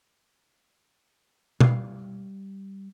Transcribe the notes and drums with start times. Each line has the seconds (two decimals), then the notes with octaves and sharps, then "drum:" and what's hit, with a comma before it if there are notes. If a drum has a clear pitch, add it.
1.60 G3 F5, drum: tom